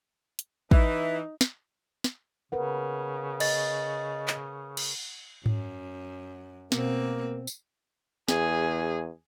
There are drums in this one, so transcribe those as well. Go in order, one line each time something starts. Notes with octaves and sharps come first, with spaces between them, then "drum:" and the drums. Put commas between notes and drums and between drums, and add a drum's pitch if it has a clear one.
drum: hi-hat
E3 D#4 E5, drum: kick
drum: snare
drum: snare
C#3 A#4 B4 F#5
D#5 A6, drum: cymbal
drum: clap
drum: cymbal
F#2, drum: tom G#2
B2 A#3 C4, drum: snare
drum: tambourine
E2 G#4, drum: snare